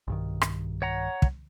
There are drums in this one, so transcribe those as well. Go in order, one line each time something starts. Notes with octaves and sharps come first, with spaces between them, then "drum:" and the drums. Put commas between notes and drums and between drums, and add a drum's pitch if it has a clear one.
B1 G2 D#3
drum: rim click
C#5 F#5 A#5
drum: kick